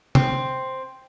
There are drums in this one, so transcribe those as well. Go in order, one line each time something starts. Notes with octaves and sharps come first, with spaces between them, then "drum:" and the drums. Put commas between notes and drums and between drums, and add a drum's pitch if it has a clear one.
C4, drum: tom C3